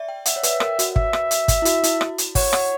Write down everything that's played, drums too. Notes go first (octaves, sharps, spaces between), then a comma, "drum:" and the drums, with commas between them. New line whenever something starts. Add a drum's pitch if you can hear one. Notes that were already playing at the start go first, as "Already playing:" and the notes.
Already playing: D5 E5
G5
E5 F#5, drum: hi-hat
C#5
B4, drum: hi-hat
A#4, drum: rim click
F#4, drum: hi-hat
E5, drum: kick
drum: rim click
drum: hi-hat
drum: kick, hi-hat
E4
F#4, drum: hi-hat
E4, drum: hi-hat
drum: rim click
drum: hi-hat
C#5 F#5, drum: kick, open hi-hat
F#5, drum: rim click